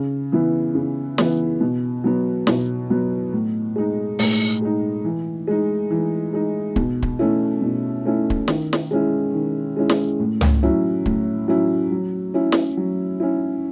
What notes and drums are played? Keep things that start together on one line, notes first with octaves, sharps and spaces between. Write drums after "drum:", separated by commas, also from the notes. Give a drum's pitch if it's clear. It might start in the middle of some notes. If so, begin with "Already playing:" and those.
Already playing: C#3
E3 B3 E4
C#3
E3 B3 E4, drum: snare
B2
F#3 B3
B2, drum: snare
F#3 B3
A2
G#3 D#4
A2, drum: open hi-hat
G#3 D#4
E3
G#3 D#4
E3
G#3 D#4
B2, drum: kick
drum: kick
A3 C#4 E4
B2
A3 C#4 E4
drum: kick
D#3, drum: snare
drum: snare
G#3 C#4 E4
D#3
G#3 C#4 E4
drum: snare
A2
drum: tom C#2
F#3 C#4 E4
A2, drum: kick
F#3 C#4 E4
F#3
C#4 E4
drum: snare
F#3
C#4 E4